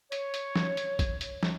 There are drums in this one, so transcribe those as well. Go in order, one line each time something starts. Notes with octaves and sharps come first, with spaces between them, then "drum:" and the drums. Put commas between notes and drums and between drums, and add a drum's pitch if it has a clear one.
C#5, drum: hi-hat
drum: hi-hat
drum: snare
drum: hi-hat
drum: kick A#1, hi-hat
drum: hi-hat
drum: snare